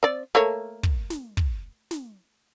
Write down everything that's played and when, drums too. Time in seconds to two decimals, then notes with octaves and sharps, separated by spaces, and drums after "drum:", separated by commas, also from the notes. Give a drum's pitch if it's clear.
0.03 C4 D5
0.35 A3 A#3 C#5
0.83 drum: kick
1.10 drum: snare
1.37 drum: kick
1.91 drum: snare